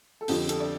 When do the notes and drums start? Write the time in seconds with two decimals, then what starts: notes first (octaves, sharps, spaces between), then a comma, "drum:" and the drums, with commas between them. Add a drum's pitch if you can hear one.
0.21 A4
0.28 F2 D3 F3 G4, drum: open hi-hat
0.49 A4, drum: hi-hat
0.60 D5